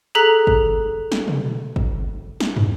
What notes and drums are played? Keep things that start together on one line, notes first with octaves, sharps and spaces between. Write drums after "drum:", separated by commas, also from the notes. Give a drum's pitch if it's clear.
G#4 A4 A#5 F#6 B6 F#7
drum: kick
drum: snare
drum: tom
drum: kick
drum: snare
drum: tom